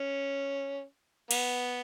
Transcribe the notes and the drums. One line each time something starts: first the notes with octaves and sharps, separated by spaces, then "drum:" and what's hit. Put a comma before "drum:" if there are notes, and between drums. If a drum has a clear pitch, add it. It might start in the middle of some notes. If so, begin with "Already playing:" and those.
Already playing: C#4
B3, drum: cymbal